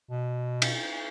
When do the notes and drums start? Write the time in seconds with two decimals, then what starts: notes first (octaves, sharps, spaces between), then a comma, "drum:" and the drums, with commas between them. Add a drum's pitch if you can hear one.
0.11 B2
0.62 drum: cymbal